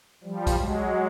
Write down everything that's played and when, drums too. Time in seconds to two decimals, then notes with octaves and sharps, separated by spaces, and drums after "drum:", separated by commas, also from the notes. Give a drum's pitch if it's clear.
0.24 F3 G3
0.47 drum: kick, hi-hat
0.58 F#3 G#3